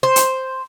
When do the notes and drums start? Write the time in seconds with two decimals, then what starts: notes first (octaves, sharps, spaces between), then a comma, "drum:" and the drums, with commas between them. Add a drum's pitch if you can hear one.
0.03 C5
0.16 drum: hi-hat